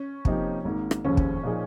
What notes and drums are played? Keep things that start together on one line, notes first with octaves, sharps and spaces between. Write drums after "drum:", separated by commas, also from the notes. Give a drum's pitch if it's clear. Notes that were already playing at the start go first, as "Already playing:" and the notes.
Already playing: C#4
C3 F3 A#3 D#4 G4, drum: kick
G#1 G#2 D#3 A#3
drum: rim click
F1 D#2 C#3 F3 C4 C#4
drum: kick
A#2 F3 A#3 D#4 G#4